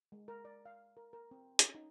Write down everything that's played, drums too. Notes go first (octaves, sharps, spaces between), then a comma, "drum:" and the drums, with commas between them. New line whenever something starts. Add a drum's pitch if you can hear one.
G#3
A#4
D5
F5
A#4
A#4
C4
C#4, drum: hi-hat
D#4